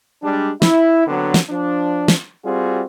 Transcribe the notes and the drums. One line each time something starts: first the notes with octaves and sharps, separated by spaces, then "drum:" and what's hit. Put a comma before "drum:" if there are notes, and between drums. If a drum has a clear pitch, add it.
G3 G#3 D4
E4, drum: snare
D3 F#3 B3 C4 D4
drum: snare
F3 D4
drum: snare
G3 C4 F4 F#4 G#4